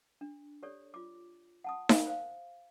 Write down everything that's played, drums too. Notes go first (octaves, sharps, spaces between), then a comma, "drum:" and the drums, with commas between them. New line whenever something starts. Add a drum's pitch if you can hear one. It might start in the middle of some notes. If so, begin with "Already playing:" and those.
D4
G4 A4 C#5 D5
F4 D6
F#5 A5 D#6
C5 F5, drum: snare D#4
C5 F5